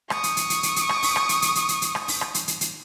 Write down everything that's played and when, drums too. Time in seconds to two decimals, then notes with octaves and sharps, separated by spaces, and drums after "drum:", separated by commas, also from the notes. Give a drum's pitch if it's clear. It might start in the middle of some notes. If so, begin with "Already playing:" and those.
0.10 C#6 D#6, drum: rim click
0.23 drum: hi-hat
0.37 drum: hi-hat
0.50 drum: hi-hat
0.63 drum: hi-hat
0.76 drum: hi-hat
0.89 drum: rim click
1.03 drum: open hi-hat
1.16 drum: rim click
1.29 drum: hi-hat
1.42 drum: hi-hat
1.55 drum: hi-hat
1.68 drum: hi-hat
1.82 drum: hi-hat
1.95 drum: rim click
2.08 drum: open hi-hat
2.21 drum: rim click
2.34 drum: hi-hat
2.48 drum: hi-hat
2.61 drum: hi-hat